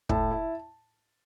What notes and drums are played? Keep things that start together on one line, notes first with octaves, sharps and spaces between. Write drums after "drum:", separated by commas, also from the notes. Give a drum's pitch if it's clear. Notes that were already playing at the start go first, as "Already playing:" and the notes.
A2 A5, drum: kick
E4